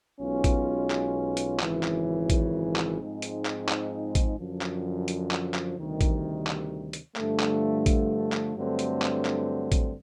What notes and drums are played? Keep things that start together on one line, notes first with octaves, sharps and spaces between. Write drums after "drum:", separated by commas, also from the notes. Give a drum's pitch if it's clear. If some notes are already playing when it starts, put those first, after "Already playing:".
B1 B2 G#3 C#4 F4
drum: kick A1, hi-hat
drum: clap
drum: hi-hat
G#1 F#2 C#3 E3, drum: clap
drum: clap
drum: kick A1, hi-hat
drum: clap
G#2 F3 G#3 C4 D#4
drum: hi-hat
drum: clap
drum: clap
drum: kick A1, hi-hat
F#2 D3 F3
drum: clap
drum: hi-hat
drum: clap
drum: clap
D2 C3 D#3 G3
drum: kick A1, hi-hat
drum: clap
drum: hi-hat
G2 D3 F3 A3, drum: clap
drum: clap
drum: kick A1, hi-hat
drum: clap
G2 D3 F#3 A3 C4
drum: hi-hat
drum: clap
drum: clap
drum: kick A1, hi-hat